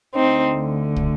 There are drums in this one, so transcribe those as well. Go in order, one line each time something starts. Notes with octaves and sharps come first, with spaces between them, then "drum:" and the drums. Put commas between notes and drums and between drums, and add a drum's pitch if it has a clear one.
D2 D3 C4 D#4
drum: kick